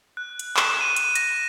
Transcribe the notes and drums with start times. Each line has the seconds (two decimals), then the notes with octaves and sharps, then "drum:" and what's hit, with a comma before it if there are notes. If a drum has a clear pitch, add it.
0.17 F#6
0.39 drum: hi-hat
0.57 E7, drum: clap
0.81 D#7
0.96 drum: hi-hat
1.15 A#6, drum: hi-hat